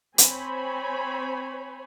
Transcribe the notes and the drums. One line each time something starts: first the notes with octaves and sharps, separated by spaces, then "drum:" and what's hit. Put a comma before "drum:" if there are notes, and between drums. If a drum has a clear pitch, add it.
C4 C5 C#5 G#5 B5, drum: hi-hat